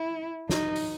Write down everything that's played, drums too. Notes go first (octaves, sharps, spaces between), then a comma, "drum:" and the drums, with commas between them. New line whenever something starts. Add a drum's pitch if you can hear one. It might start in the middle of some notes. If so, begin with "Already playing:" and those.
Already playing: E4
D#4, drum: snare
drum: open hi-hat